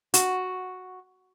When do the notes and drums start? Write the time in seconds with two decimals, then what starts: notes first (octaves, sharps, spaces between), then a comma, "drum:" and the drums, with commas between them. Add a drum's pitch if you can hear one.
0.14 F#4, drum: hi-hat